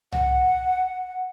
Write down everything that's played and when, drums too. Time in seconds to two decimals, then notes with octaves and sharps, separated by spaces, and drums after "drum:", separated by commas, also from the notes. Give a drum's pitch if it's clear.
0.12 F#5, drum: tom C2